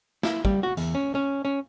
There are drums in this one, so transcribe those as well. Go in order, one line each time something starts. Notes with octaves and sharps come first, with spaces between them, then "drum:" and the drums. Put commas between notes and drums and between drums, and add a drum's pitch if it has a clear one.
E4, drum: snare
G3, drum: kick
F#4
E2, drum: hi-hat
C#4
C#4
C#4